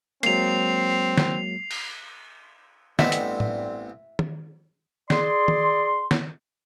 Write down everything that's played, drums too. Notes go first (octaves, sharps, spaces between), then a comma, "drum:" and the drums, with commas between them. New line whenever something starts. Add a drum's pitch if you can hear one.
F#3 G#3 A#3 C4 C7 F7, drum: cymbal
drum: snare
drum: cymbal
A1 G2 A3 B3 C4 D5 E5, drum: snare
drum: hi-hat
drum: tom
drum: tom D#3
G#4 D5 C6, drum: snare
drum: tom D#3
drum: snare